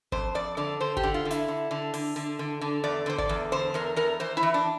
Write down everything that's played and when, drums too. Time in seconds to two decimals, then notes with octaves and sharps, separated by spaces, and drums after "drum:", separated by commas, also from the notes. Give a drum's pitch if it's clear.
0.12 F2 C5, drum: kick G#1
0.35 F2 D5
0.57 D3 D5
0.80 D3 C5
0.97 G4, drum: kick G#1
1.03 D3
1.14 F4
1.25 D3
1.31 E4, drum: hi-hat
1.48 D3
1.71 D3
1.94 D3, drum: open hi-hat
2.16 D3
2.39 D3
2.61 D3
2.84 E2 D5
3.06 D3 C5
3.18 D5, drum: kick G#1
3.29 E2
3.52 D3 C5
3.74 E2 A#4
3.96 E2 A#4
4.20 E3 C5
4.37 E4
4.43 E3
4.54 D4